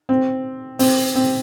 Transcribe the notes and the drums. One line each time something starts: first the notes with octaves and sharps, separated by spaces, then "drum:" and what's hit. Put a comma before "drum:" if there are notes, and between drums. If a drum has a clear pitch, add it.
C4
C4, drum: open hi-hat
C4